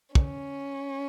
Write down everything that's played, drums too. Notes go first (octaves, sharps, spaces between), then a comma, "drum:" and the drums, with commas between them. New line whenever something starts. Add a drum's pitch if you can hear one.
C#4, drum: kick